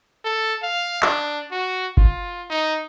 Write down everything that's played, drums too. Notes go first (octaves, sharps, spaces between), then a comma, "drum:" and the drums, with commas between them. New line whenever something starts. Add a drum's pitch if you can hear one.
A4
F5
D4, drum: clap
F#4
F4, drum: kick G1
D#4